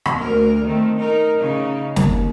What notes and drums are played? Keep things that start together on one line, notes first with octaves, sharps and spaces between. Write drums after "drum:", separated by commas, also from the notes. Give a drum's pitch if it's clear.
drum: rim click
D2 A#4
D#3 A3 C4
D#4 A#4
C#3 D#4
D#2, drum: snare